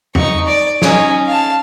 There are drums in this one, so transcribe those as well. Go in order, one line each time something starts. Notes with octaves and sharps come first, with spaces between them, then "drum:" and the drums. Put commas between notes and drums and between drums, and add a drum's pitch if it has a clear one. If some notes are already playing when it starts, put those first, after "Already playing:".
D#4 C#6, drum: tom E2
D5
C#4 D#4, drum: snare
F5 A5